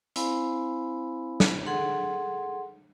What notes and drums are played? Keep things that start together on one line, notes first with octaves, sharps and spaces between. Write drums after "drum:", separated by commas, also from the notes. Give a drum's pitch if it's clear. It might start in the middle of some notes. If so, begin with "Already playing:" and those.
C4 E4 C5 F5 G#5 B5, drum: hi-hat
drum: snare
G#4 A4 F#5 C6